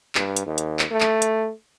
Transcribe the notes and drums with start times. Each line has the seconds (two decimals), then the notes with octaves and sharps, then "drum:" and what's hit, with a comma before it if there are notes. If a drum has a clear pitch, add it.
0.15 G2, drum: clap
0.36 drum: hi-hat
0.46 D#2
0.58 drum: hi-hat
0.79 drum: clap
0.91 A3
1.01 drum: clap
1.22 drum: hi-hat